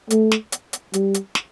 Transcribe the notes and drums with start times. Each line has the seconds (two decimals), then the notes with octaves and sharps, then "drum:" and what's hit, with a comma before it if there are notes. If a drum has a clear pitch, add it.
0.10 A3, drum: hi-hat
0.32 drum: snare
0.52 drum: hi-hat
0.73 drum: hi-hat
0.93 G3, drum: hi-hat
1.14 drum: hi-hat
1.35 drum: snare